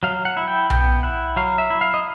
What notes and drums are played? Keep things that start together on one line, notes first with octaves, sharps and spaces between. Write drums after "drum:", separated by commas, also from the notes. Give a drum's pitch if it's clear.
F#3 F5
F#5
E4
G5
B3 G5, drum: tom B1
E4 F#5
F#3 F5
E5
E4
F5
D#5